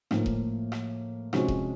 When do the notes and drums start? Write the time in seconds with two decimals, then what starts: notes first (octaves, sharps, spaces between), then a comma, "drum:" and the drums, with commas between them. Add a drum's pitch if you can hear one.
0.11 A2 F3 A#3, drum: rim click
0.26 drum: kick E1
0.72 drum: rim click
1.33 C3 F3 G#3 C#4 F#4, drum: rim click
1.48 drum: kick E1